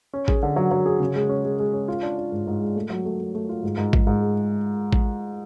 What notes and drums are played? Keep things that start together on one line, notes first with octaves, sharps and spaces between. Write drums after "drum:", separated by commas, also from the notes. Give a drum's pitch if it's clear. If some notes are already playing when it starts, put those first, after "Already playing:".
C#4
G#4, drum: kick A1
D3
F#3
F#3
G#4
C#3
G#3
C#4
G#3
G#3
C#4
F4
D4
D4
G#2
G#2
G#3
A3
F#3
A3
A3
A3
F4
G#2
G#2
G#2, drum: kick A1
G#2
G#3
drum: kick A1